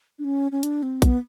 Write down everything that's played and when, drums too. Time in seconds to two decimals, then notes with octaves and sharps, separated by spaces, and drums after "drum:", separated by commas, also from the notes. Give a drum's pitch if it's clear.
0.19 D4
0.25 C#4
0.52 C#4
0.63 D4, drum: hi-hat
0.83 C4
1.02 B3, drum: kick A#1, hi-hat